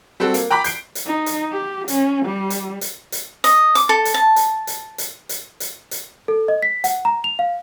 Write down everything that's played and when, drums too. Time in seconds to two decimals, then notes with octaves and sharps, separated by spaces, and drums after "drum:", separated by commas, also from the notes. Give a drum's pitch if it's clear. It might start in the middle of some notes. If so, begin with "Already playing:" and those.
0.20 G3 C4 F#4 A4
0.34 A#3, drum: hi-hat
0.50 G5 A#5 B5 D6 B6
0.64 G6 C7 D7, drum: hi-hat
0.95 drum: hi-hat
1.06 D#4
1.26 drum: hi-hat
1.52 G4
1.88 C#4, drum: hi-hat
2.26 G3
2.50 drum: hi-hat
2.81 drum: hi-hat
3.12 drum: hi-hat
3.44 D#5, drum: hi-hat
3.75 D6, drum: hi-hat
3.89 A4
4.05 drum: hi-hat
4.14 A5
4.36 drum: hi-hat
4.67 drum: hi-hat
4.98 drum: hi-hat
5.29 drum: hi-hat
5.60 drum: hi-hat
5.91 drum: hi-hat
6.28 A4
6.48 D#5
6.62 B6
6.84 F#5, drum: hi-hat
7.05 A#5
7.24 F7
7.39 F5